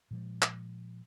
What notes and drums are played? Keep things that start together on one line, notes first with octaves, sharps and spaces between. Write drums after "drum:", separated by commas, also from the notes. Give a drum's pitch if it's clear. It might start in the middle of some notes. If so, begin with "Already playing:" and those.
A#2 F3 G#3
drum: clap